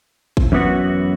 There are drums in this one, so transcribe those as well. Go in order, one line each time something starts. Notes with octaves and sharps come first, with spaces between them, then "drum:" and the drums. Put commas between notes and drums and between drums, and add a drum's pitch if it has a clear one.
drum: kick G#1
F#2 E3 B3 F#4